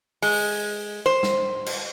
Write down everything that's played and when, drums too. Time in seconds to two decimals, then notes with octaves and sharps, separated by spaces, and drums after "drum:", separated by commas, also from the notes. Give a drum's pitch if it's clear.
0.22 G#3, drum: open hi-hat
1.06 C5
1.23 drum: snare
1.66 drum: cymbal